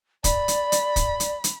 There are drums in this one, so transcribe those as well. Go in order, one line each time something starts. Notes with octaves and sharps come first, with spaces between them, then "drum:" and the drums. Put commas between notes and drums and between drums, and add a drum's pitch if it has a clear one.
D5 B5, drum: kick, hi-hat
drum: hi-hat
drum: hi-hat
drum: kick, hi-hat
drum: hi-hat
drum: hi-hat